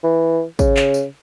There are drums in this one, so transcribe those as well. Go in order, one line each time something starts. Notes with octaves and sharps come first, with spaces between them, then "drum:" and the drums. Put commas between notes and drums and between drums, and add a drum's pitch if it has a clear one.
E3
C#3, drum: kick, tambourine
drum: clap
drum: tambourine